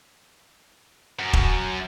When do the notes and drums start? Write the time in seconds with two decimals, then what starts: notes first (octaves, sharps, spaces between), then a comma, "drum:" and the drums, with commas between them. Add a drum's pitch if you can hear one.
1.19 F#2
1.33 drum: kick E1